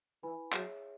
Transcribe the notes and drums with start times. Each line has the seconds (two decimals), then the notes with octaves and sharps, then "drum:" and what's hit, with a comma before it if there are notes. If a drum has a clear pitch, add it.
0.23 E3 E4 B4 G#5 B5
0.53 F#3 G#4 C#5 E5, drum: clap